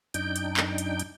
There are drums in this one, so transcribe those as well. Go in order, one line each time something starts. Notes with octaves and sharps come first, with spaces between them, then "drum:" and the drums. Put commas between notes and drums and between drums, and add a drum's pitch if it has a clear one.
F#2 D4 D#4 G5 G6, drum: hi-hat
drum: hi-hat
drum: clap
drum: hi-hat
drum: hi-hat